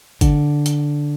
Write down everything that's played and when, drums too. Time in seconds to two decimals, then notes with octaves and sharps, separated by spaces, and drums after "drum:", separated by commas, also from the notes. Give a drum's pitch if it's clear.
0.21 D3, drum: kick G1, hi-hat
0.66 drum: hi-hat